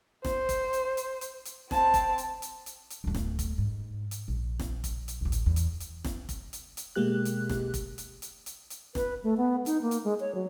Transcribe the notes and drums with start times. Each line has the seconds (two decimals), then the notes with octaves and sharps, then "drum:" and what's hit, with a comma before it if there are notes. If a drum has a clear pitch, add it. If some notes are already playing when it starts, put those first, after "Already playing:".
0.25 C5, drum: snare
0.49 drum: kick F1, hi-hat
0.73 drum: hi-hat
0.97 drum: hi-hat
1.21 drum: hi-hat
1.45 drum: hi-hat
1.71 C4 A5, drum: snare
1.94 drum: kick F1, hi-hat
2.18 drum: hi-hat
2.42 drum: hi-hat
2.66 drum: hi-hat
2.90 drum: hi-hat
3.04 D1 A3
3.15 drum: snare
3.39 drum: kick F1, hi-hat
3.58 G#2
4.11 drum: hi-hat
4.28 A#1
4.60 drum: snare
4.84 drum: kick F1, hi-hat
5.08 drum: hi-hat
5.21 A1 D2
5.32 drum: hi-hat
5.46 E2
5.56 drum: hi-hat
5.80 drum: hi-hat
6.05 drum: snare
6.29 drum: kick F1, hi-hat
6.53 drum: hi-hat
6.77 drum: hi-hat
6.96 B2 G#3 A#3 G4 F#6
7.25 drum: hi-hat
7.49 drum: snare
7.74 drum: kick F1, hi-hat
7.98 drum: hi-hat
8.22 drum: hi-hat
8.46 drum: hi-hat
8.70 drum: hi-hat
8.95 B4, drum: snare
9.24 A3
9.37 B3
9.66 D#4, drum: hi-hat
9.82 A#3
9.91 drum: hi-hat
10.04 G#3
10.20 C#5
10.35 F#3